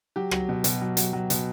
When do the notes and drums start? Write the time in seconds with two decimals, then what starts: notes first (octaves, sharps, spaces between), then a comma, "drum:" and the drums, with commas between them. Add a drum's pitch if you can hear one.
0.16 F#3 G4
0.31 F#3, drum: rim click
0.49 B2
0.64 B2, drum: hi-hat
0.82 F#3
0.97 F#3, drum: hi-hat
1.13 F#3
1.30 B2, drum: hi-hat